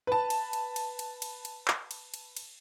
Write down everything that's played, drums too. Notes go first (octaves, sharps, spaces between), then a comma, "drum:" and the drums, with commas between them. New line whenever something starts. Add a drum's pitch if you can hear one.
B4 A5
drum: cymbal
drum: cymbal
drum: cymbal
drum: cymbal
drum: cymbal
drum: cymbal
drum: clap
drum: cymbal
drum: cymbal
drum: cymbal